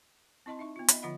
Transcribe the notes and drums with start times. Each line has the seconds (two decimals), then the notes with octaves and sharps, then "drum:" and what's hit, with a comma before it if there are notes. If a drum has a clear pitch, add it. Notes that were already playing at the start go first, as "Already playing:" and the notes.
0.46 C4 E4 D#5 A5 C6
0.59 D#4 E5 C#6
0.76 B3 F4
0.88 D#5 E5 G5 B5, drum: hi-hat
1.02 D3 F3 F4 D#5 F#5 B5